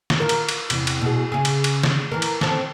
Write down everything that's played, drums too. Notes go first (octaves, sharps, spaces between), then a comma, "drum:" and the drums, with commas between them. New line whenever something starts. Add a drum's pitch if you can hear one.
drum: snare
F4 A#4
drum: cymbal
drum: cymbal
E2 C3, drum: cymbal
drum: cymbal
B2 G#4
C#3 G#4
drum: cymbal
drum: cymbal
drum: snare
E3 A#4
drum: cymbal
C4 A4, drum: snare